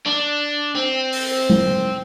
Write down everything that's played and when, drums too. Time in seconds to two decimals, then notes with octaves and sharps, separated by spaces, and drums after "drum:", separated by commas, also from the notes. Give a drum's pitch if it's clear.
0.06 D4
0.75 C4
1.13 drum: open hi-hat
1.50 drum: tom G#3